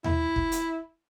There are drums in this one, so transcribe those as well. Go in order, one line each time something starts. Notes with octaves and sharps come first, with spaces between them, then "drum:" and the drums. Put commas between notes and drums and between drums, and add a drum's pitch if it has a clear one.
E4, drum: tom D#2
drum: kick
drum: hi-hat